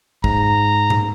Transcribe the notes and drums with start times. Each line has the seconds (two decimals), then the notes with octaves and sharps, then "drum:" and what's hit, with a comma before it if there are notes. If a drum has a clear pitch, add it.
0.24 G#2 A#5, drum: kick
0.90 drum: tom A2